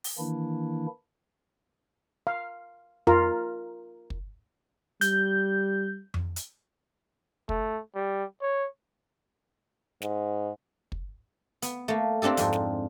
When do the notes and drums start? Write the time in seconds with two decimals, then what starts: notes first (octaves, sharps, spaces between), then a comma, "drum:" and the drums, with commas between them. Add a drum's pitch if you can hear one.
0.04 drum: open hi-hat
0.19 D#3 E3 A#3 D4 E4
2.27 F5
3.07 F4 A#4, drum: tom F2
4.10 drum: kick
5.01 G3 G6, drum: hi-hat
6.14 drum: tom F2
6.36 drum: hi-hat
7.49 A3, drum: kick
7.95 G3
8.41 C#5
10.02 G#2, drum: snare
10.92 drum: kick
11.62 B3, drum: hi-hat
11.88 A3 A#3
12.22 A#3 C4 D4 G4 A4
12.37 F2 G#2, drum: hi-hat
12.53 drum: snare